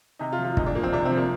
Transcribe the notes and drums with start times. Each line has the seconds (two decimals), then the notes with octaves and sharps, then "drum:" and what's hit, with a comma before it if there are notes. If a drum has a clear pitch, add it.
0.19 C3 D#4
0.32 F4
0.39 F3
0.44 F4
0.57 A#2 D#4, drum: kick
0.66 D4
0.75 F3 A#3
0.83 C4
0.93 C3 D4
1.05 C4
1.11 F3
1.17 A#3